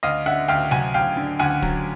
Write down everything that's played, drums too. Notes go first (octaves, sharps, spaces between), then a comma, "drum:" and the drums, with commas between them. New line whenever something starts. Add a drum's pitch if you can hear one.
D2 D#5 F5
D3 E5 F#5
D2 F5 G5
F#3 F#5 G#5, drum: tom C3
D2 F5 G5
D3
D2 F#5 G#5
F#3, drum: kick